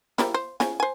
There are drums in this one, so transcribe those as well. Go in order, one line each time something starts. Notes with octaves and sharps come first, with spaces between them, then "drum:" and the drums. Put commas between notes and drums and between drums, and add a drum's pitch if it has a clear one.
G3 A#3 E4, drum: snare
C5
C#3 G#5, drum: snare
C5 G#5